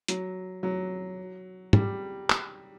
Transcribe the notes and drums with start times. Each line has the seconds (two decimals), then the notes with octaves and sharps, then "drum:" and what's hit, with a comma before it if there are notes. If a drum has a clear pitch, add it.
0.08 F#3, drum: hi-hat
0.63 F#3
1.73 G3, drum: tom
2.30 drum: clap